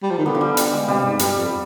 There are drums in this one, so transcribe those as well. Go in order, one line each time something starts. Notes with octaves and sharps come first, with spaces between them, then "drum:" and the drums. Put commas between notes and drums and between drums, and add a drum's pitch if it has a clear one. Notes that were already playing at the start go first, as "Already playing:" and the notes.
G3
F3
D#3
D3 G3 B3
F3
G3
G3, drum: hi-hat
G#3
C3 G3
G#2
G2, drum: hi-hat
F2